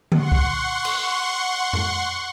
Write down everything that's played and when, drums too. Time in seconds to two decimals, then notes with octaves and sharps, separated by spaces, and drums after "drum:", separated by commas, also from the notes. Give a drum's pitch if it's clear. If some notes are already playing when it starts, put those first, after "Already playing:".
0.12 F#5 C6 C#6, drum: tom D3
0.32 drum: kick C2
0.85 drum: cymbal
1.73 drum: tom F2